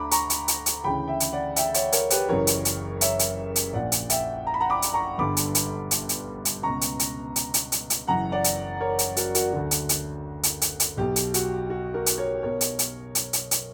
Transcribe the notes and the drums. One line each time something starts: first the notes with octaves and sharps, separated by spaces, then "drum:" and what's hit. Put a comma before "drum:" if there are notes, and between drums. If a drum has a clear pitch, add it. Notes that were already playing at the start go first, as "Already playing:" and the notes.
Already playing: D2 D3 A#5 B5 D6
A#5 C#6, drum: hi-hat
drum: hi-hat
drum: hi-hat
drum: hi-hat
D2 C#3 E3 G5 B5
E5 G5
drum: hi-hat
D5 F#5
E5 G5, drum: hi-hat
C#5 E5, drum: hi-hat
A#4 C#5, drum: hi-hat
G4 B4, drum: hi-hat
F#1 F#2 C#3 E3 A#4 C#5
drum: hi-hat
drum: hi-hat
C#5 E5, drum: hi-hat
drum: hi-hat
drum: hi-hat
A#1 A#2 D5 F#5
drum: hi-hat
E5 G5, drum: hi-hat
A#5
B5
F#5 A#5
B5 D6
drum: hi-hat
A#5 C#6
G1 G2 D3 B5 D6
drum: hi-hat
drum: hi-hat
drum: hi-hat
drum: hi-hat
drum: hi-hat
C#2 B2 A#5 C#6
drum: hi-hat
drum: hi-hat
drum: hi-hat
drum: hi-hat
drum: hi-hat
drum: hi-hat
F#1 F#2 E3 F#5 A#5
D5 F#5
drum: hi-hat
A#4 C#5
drum: hi-hat
F#4 A#4, drum: hi-hat
F#4 A#4, drum: hi-hat
D2 D3 F#4
drum: hi-hat
drum: hi-hat
drum: hi-hat
drum: hi-hat
drum: hi-hat
B1 B2 G4
drum: hi-hat
F#4, drum: hi-hat
F#4
F#4 A#4
drum: hi-hat
A#4 C#5
B2 A#4 C#5
drum: hi-hat
drum: hi-hat
drum: hi-hat
drum: hi-hat
drum: hi-hat